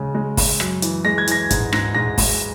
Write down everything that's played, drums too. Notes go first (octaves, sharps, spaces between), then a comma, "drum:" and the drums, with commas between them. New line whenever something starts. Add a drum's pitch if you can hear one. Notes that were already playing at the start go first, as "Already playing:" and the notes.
Already playing: C#3 G#3
G#3
G#3, drum: kick, open hi-hat
F#2, drum: rim click
E3, drum: hi-hat
G#3 A#6
G#6
E3 A#6, drum: hi-hat
G#2, drum: kick, hi-hat
G#2 A#6, drum: rim click
G#2 A#6
G#3, drum: kick, open hi-hat